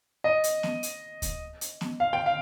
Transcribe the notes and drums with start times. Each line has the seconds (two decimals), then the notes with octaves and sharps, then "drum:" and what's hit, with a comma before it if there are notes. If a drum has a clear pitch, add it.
0.24 D#5
0.44 drum: hi-hat
0.63 drum: snare B3
0.83 drum: hi-hat
1.22 drum: kick D2, hi-hat
1.61 drum: hi-hat
1.81 drum: snare B3
2.00 F5
2.13 G5
2.26 F5